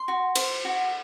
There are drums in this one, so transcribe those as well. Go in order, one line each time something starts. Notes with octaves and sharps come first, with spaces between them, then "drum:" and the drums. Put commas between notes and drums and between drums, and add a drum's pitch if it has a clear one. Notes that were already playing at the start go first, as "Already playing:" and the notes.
Already playing: C6
F#4
C5, drum: cymbal
F#4